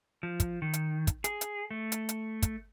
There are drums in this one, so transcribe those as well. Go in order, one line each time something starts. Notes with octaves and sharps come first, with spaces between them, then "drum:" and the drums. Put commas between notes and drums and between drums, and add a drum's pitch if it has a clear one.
F3
drum: kick, hi-hat
D#3
drum: hi-hat
drum: kick, hi-hat
G#4, drum: hi-hat
drum: hi-hat
A3
drum: hi-hat
drum: hi-hat
drum: kick, hi-hat